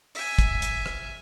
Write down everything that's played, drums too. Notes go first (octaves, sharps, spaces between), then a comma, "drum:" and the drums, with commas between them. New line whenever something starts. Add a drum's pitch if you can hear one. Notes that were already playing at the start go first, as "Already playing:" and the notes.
E5 G#5, drum: open hi-hat
drum: kick, hi-hat
drum: hi-hat
drum: rim click